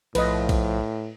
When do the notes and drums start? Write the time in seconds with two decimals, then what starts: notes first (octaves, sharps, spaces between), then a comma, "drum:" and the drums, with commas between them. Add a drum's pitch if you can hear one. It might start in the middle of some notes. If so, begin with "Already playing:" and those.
0.15 B1 A2 F3 B4 D#5, drum: cymbal
0.49 drum: kick, cymbal